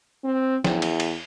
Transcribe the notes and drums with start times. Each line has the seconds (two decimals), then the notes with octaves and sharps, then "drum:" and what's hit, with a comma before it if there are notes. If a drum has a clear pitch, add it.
0.24 C4
0.64 E2, drum: snare
0.82 drum: cymbal
1.00 drum: cymbal